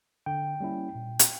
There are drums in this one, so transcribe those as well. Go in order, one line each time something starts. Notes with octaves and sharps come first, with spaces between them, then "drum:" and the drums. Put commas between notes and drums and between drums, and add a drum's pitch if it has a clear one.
D3 G5
G3 A#3 C#4 E4
A#2
drum: hi-hat